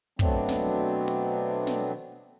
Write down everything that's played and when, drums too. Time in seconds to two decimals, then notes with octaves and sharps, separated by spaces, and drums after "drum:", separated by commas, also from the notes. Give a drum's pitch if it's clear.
0.19 B2 F#3 A3 B3 C4 D4, drum: kick
0.49 drum: snare
1.08 drum: hi-hat
1.67 drum: snare